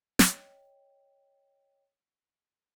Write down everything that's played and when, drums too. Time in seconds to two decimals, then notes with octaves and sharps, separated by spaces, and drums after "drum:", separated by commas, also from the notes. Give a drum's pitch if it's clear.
0.19 C#5 D#5 G5, drum: snare